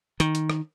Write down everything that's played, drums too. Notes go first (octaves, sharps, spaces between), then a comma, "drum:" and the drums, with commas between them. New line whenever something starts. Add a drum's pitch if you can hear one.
D#3, drum: hi-hat
drum: hi-hat
drum: rim click